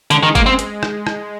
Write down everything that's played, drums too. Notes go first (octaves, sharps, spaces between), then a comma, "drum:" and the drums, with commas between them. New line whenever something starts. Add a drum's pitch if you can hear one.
D3 G#3, drum: hi-hat
D#3
A#3, drum: kick, hi-hat
C4
drum: hi-hat
drum: rim click
drum: rim click